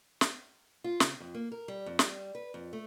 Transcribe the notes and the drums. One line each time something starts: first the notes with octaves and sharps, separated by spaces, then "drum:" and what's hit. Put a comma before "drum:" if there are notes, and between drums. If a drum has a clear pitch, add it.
drum: snare
F4
C#3, drum: snare
F2
A#3
A#4
G3
F2
G3, drum: snare
B4
F2
A3